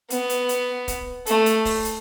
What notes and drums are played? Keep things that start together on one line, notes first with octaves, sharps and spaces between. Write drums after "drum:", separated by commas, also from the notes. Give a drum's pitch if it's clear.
B3, drum: hi-hat
drum: hi-hat
drum: hi-hat
drum: kick, hi-hat
A3, drum: hi-hat
drum: hi-hat
drum: kick, open hi-hat
drum: hi-hat